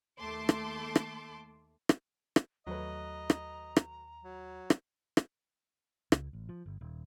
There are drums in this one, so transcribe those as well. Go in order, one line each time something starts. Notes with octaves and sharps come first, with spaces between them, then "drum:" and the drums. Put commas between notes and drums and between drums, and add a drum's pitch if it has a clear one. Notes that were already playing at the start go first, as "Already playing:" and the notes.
D#2 A3 A5 C6 D6
drum: rim click
drum: rim click
drum: rim click
drum: rim click
D#2 F#3 A3 B4 D#5 A#5
drum: rim click
drum: rim click
F#3
drum: rim click
drum: rim click
C#2, drum: rim click
A1
F3
G1
D#1